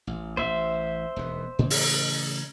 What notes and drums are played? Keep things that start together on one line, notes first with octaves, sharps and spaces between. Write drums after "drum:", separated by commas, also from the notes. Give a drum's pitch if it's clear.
A1
A1 C5 E5
E1 D#2 B3
A2 C#3 E3
drum: open hi-hat